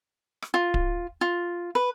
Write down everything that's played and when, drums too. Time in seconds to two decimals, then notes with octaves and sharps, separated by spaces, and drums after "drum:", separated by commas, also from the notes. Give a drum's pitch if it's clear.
0.42 drum: rim click
0.54 F4
0.74 drum: kick D1
1.21 F4
1.75 B4